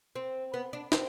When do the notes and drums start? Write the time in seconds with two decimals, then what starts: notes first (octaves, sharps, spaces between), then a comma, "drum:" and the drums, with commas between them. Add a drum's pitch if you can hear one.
0.16 C4
0.54 B3
0.73 D4
0.92 C4, drum: snare